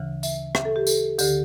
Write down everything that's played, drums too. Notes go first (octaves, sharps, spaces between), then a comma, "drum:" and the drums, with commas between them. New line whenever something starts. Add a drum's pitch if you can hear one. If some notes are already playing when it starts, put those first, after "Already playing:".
Already playing: D2 C#3 E3
E5, drum: tambourine
E5, drum: rim click
A4
G4
A4, drum: tambourine
D2 D3 G4, drum: tambourine